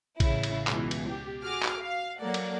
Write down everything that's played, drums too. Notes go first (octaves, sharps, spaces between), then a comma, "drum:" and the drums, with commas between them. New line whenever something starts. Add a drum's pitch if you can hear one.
A1 C#3 E4, drum: kick, cymbal
drum: cymbal
C#2 B2 E3, drum: clap
drum: cymbal
G4
F#4 G#4 D6 F6
drum: clap
F5
F#3 A#3 A4 D5 F#5
drum: cymbal